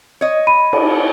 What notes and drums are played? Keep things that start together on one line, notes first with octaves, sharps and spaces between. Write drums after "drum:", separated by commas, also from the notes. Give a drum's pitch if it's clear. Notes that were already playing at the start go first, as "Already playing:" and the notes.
C#5 D#5
B5 D#7
drum: cymbal